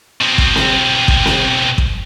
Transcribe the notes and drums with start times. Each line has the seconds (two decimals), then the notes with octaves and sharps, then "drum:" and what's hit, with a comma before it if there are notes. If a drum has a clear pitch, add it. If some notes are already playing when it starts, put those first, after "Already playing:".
0.21 B2 C4
0.38 drum: kick
0.56 drum: snare C4
1.08 drum: kick
1.26 drum: snare C4
1.78 drum: kick